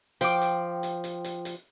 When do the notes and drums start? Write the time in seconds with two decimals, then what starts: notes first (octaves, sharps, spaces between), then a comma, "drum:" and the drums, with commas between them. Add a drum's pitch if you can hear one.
0.21 F3 G5 D6, drum: hi-hat
0.42 drum: hi-hat
0.83 drum: hi-hat
1.04 drum: hi-hat
1.24 drum: hi-hat
1.45 drum: hi-hat